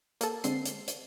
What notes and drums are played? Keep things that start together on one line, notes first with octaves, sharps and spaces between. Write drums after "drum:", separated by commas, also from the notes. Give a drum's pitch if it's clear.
A#3 A4, drum: hi-hat
D3 G#3 C4 C7, drum: hi-hat
drum: hi-hat
drum: hi-hat